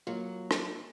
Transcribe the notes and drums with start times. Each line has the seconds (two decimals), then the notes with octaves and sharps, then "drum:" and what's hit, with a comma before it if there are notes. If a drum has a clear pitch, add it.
0.07 F#3 A#3 F4
0.51 drum: rim click